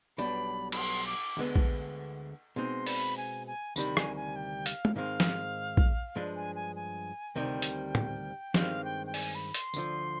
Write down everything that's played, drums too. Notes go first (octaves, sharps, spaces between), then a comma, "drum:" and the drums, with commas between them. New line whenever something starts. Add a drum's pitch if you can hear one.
B1 B2 G3 D4 B5
B5, drum: cymbal
C6
D6
D2 D3 G#3 B3
drum: kick
B2 G#3 C4 D#4 C6
B5, drum: open hi-hat
G#5
G#5
D2 C3 D#3 G3 B5, drum: tambourine
G#5, drum: rim click
G#5
G5
F5, drum: hi-hat
drum: tom
G#2 D#3 G#3 C4 F5
drum: snare
drum: kick
G2 F3 G#3 D4
G#5
G#5
G#5
D2 C3 D#3 G3 G5
drum: hi-hat
drum: tom
G2 D#3 G#3 C4 G4 F5, drum: snare
G5
G5
G#5, drum: open hi-hat
B5
C6, drum: hi-hat
D2 D3 F3, drum: tambourine